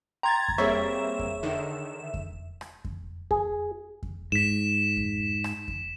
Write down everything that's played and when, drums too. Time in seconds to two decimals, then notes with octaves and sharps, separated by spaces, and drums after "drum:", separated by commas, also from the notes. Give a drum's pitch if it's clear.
0.23 G5 A#5 C6 G#6 A6
0.48 drum: kick F2
0.58 G3 A#3 C4 G#4 C#5 E5 C#6
1.19 drum: kick F2
1.43 D3 D#3
2.14 drum: kick F2
2.61 drum: rim click
2.85 drum: kick F2
3.31 G#4, drum: kick F2
4.03 drum: kick F2
4.32 G#2 B6 E7
4.97 drum: kick F2
5.44 drum: rim click
5.68 drum: kick F2